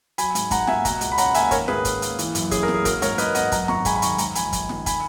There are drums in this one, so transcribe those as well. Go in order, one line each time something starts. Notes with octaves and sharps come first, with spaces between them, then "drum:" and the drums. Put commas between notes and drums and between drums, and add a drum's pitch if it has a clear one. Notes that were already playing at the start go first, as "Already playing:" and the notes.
F#3 G#5 B5, drum: hi-hat
G#2, drum: hi-hat
G#2 F#5 A#5, drum: kick, hi-hat
A#3 E5 G#5, drum: snare
B2 F#5 A#5, drum: kick, hi-hat
C#2, drum: hi-hat
B5
C#4 F#5 A#5, drum: hi-hat
A#3 E5 G#5, drum: hi-hat
D#3 A#4 C#5, drum: kick, hi-hat
G#2 G#4 B4, drum: snare
C#4, drum: kick, hi-hat
A#3, drum: hi-hat
E3, drum: hi-hat
F#2, drum: hi-hat
C#4 G#4, drum: kick, hi-hat
A#4
A#3, drum: snare
G#4
F#3 A#4, drum: kick, hi-hat
G#2 A#4 C#5, drum: hi-hat
G#2 B4 D#5, drum: hi-hat
B3 D#5 F#5, drum: hi-hat
F#2 F#5 A#5, drum: kick, hi-hat
G#1 A#5 C#6, drum: snare
G#3 G#5 B5, drum: kick, hi-hat
B5
D#3 A#5 C#6, drum: hi-hat
G#2 A#5 C#6, drum: hi-hat
A#1 G#5 B5, drum: hi-hat
A#1, drum: kick, hi-hat
D#3, drum: snare
G#5 B5, drum: kick, hi-hat